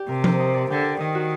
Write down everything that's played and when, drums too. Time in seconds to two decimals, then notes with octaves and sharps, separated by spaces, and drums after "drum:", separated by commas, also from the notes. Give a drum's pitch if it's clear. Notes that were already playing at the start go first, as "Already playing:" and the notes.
Already playing: G4 D5
0.09 C3 A#4
0.24 C5, drum: tom F3
0.40 D#5
0.54 D5
0.69 D3 G5
1.00 D#3 D#5
1.15 F#4